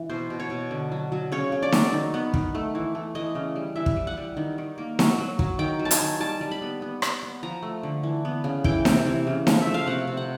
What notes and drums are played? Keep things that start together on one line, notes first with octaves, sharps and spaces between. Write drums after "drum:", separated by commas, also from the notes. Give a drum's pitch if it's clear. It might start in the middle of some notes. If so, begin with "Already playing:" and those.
Already playing: E3
B2 C5
B2
C#5
B2
D3
F#3
F#3
C#3 C#5
C#3
D5
F#3, drum: snare D#4
D#3
B3
D#3, drum: kick
A3
E3
A3
E3 D#5
C#3
G3
E3 E5
drum: kick
G3
F#5
G3
D#3
D#3
A#3
F#3, drum: snare D#4
F#3
F#3, drum: kick
D#3 G5
F#3
A5
G#5, drum: hi-hat
D#3
G3 A5
G3
B5
B3
B3
B3, drum: rim click
B3
F3 A#5
A3
D3
E3
B3
C#3
E3 G5, drum: kick
C3, drum: snare D#4
E3
C#3
F3, drum: snare D#4
A3 E5
F5
C3 F#5
C3
F#5